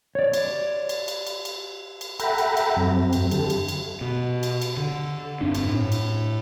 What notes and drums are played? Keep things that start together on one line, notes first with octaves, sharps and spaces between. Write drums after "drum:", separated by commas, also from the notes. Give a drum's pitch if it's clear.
C#5 D5
drum: cymbal
drum: cymbal
drum: cymbal
drum: cymbal
drum: cymbal
drum: cymbal
A4 E5 F#5 G5 A#5 B5, drum: cymbal
drum: cymbal
drum: cymbal
F#2 F#3 C4
drum: cymbal
D3 G4 A4, drum: cymbal
drum: cymbal
drum: cymbal
B2
drum: cymbal
drum: cymbal
D3
G2 C4 D4
drum: cymbal
A2
drum: cymbal